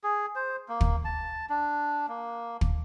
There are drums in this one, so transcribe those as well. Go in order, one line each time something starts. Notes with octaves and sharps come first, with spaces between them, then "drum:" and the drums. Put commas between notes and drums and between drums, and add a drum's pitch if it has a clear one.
G#4
C5
A#3
drum: kick
A5
D4
A#3
drum: kick